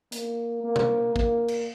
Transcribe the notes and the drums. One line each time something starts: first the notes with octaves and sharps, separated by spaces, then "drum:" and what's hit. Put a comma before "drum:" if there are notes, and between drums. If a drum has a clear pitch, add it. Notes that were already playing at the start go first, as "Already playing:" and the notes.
A#3, drum: hi-hat
A#3
drum: tom B2
A#3, drum: kick
drum: cymbal